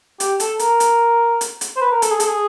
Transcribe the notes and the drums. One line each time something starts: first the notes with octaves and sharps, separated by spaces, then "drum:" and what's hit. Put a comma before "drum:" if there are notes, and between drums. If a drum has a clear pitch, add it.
G4, drum: hi-hat
A4, drum: hi-hat
A#4, drum: hi-hat
drum: hi-hat
drum: hi-hat
drum: hi-hat
C5
B4
A#4
A4, drum: hi-hat
G#4
A4, drum: hi-hat
G#4